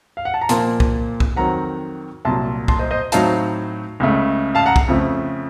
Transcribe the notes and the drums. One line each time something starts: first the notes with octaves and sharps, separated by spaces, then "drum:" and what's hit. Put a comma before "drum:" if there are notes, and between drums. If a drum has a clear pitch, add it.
F5
F#5
A5
A#5
A#2 F3 A#3 A5 C6, drum: hi-hat
drum: kick
drum: kick
F2 D#3 F#3 C4 F#5 A#5
C2 A#2 F#3 A5 C6
A5 C6, drum: kick
C5 D#5
C5 D#5
A2 F#3 C4 D#4 F5 A5, drum: hi-hat
C#2 C#3 A3
F5 A5
F#5 A#5
drum: kick
F2 C#3 F3 A3